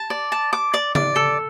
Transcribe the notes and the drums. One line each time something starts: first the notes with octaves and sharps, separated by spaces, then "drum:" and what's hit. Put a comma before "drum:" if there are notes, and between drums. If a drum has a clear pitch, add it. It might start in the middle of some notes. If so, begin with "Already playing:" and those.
Already playing: A5
D5
A5
D6
D5
D5, drum: tom C#3
A4